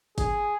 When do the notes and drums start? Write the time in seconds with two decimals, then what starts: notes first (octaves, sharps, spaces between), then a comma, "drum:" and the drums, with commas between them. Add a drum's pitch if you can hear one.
0.18 G#4, drum: kick G1, hi-hat